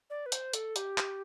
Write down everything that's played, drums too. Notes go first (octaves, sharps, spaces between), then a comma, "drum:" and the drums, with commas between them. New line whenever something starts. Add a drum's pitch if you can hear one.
D5
B4
C5, drum: hi-hat
A4, drum: hi-hat
G4, drum: hi-hat
drum: clap